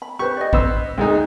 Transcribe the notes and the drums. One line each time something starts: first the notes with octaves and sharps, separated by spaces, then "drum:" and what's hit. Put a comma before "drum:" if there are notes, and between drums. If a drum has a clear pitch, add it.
B5
G4 B4 C5 C#6
D5 D#5
B3 C5 E6, drum: kick
D2 G#3 D#4